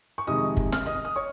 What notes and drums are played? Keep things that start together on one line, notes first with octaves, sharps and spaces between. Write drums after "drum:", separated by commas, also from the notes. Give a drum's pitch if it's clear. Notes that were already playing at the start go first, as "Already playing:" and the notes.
C#6
F2 C3 D#3 G#3 D#5 D#6
drum: kick
F6, drum: snare
D#5 D#6
D#6
C#5 C#6